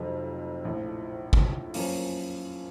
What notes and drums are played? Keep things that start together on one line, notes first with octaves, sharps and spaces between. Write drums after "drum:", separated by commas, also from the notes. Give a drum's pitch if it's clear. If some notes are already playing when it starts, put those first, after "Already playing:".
Already playing: F1 F2 C3 F#3
A#1 A2 F3
drum: kick
F#2 F3 A#3 C#4, drum: open hi-hat